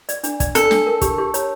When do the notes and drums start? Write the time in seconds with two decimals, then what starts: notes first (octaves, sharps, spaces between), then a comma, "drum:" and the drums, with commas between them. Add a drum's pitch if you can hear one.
0.09 D5, drum: hi-hat
0.24 D4, drum: hi-hat
0.40 D5, drum: kick, hi-hat
0.55 D4 A4, drum: hi-hat
0.71 D4, drum: snare
0.87 A#4
1.01 G4, drum: kick, hi-hat
1.18 G4
1.34 C#5, drum: hi-hat